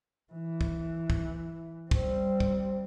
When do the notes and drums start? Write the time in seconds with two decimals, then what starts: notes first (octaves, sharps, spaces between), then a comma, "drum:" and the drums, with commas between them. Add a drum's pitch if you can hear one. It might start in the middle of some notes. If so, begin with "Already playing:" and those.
0.33 E3
0.61 drum: kick
1.10 drum: kick
1.91 G3 C4, drum: kick
2.40 drum: kick